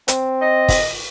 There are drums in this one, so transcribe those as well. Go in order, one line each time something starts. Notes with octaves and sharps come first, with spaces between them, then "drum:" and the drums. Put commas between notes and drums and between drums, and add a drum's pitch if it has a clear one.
C4, drum: hi-hat
D#5
drum: kick, open hi-hat